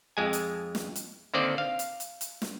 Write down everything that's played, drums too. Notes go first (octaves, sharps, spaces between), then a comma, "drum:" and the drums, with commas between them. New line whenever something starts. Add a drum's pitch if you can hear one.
F2 G#3 G#5
drum: hi-hat
drum: snare
drum: hi-hat
D3 D#3 A#3 C4 D5 D#5
F5
drum: hi-hat
drum: hi-hat
drum: hi-hat
drum: snare